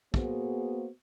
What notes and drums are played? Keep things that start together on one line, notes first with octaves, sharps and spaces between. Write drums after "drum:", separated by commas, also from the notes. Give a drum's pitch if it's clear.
A#3 B3 F#4 G#4 C5, drum: kick